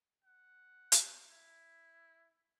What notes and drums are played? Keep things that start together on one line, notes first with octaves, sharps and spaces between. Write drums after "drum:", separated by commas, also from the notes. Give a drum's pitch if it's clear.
F#5
drum: hi-hat
E4